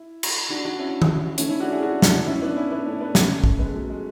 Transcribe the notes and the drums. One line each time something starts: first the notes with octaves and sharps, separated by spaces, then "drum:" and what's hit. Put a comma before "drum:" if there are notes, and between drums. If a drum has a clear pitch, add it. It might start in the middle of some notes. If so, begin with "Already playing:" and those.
Already playing: E4
drum: cymbal
D4 F#4
D4 F#4
C#4 E4
drum: tom D#3
A3 C#4, drum: hi-hat
C#4 E4
D4 F#4
E4 G#4
D4 F#4
drum: snare
C#4 E4
B3 D4
C#4 E4
B3 D4
A3 C#4
B3 D4
A3 C#4, drum: snare
drum: kick
G#3 B3
F#3 A3
G#3